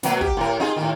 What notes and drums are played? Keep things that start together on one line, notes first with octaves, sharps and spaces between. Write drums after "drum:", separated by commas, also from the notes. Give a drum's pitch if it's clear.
B2 F#3 A#3, drum: snare
G4, drum: kick
A2 A#4
D#4 F4 G#4
A2 D#3